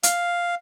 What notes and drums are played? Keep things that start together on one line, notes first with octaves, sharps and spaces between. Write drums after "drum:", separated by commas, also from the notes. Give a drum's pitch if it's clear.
F5, drum: hi-hat